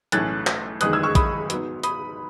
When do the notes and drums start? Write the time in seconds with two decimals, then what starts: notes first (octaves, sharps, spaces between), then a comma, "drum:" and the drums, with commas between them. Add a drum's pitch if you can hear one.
0.12 B1 A2 E3 A3 C#4 F#6 A6, drum: hi-hat
0.47 drum: clap
0.81 F#1 E2 D#3 G#3 B3 D#6 F#6, drum: hi-hat
0.93 E6 G#6
1.03 C#6 E6
1.15 B5 D#6, drum: kick, hi-hat
1.50 G#2 F#3 B3, drum: hi-hat
1.83 B5 D#6, drum: hi-hat